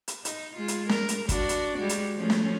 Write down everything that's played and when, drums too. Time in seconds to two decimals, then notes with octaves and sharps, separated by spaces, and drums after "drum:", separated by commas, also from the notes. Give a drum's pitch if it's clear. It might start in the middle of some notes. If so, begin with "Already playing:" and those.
0.08 drum: hi-hat
0.25 D#4, drum: hi-hat
0.56 G#3 F4
0.68 drum: hi-hat
0.89 A#4, drum: snare
1.09 drum: hi-hat
1.29 D4 F#4, drum: kick, hi-hat
1.49 drum: hi-hat
1.77 G3 G#3 F#4
1.89 drum: hi-hat
2.16 F3 A3 C#4
2.30 drum: snare